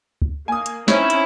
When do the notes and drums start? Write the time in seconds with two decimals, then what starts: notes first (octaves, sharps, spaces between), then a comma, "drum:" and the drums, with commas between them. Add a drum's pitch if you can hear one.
0.22 drum: kick
0.48 A#3 G#5 D#6
0.66 drum: hi-hat
0.88 C4 C#4 D#4 E4 C#5, drum: snare
1.10 drum: hi-hat